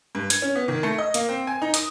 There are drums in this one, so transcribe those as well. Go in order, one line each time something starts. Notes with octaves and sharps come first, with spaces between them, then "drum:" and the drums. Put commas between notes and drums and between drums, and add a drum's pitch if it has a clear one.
G2
G#6, drum: hi-hat
C#4
B3
D#3
A3
D#5
A#3, drum: hi-hat
C4
G#5
D#4
D#6, drum: hi-hat